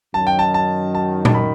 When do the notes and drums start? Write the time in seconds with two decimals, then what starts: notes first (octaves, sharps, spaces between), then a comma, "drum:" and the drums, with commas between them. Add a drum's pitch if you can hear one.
0.14 F#2 D#3 F#3 A5
0.27 G5
0.39 A5
0.54 A5
0.95 A5
1.25 A5, drum: tom A#2
1.35 B5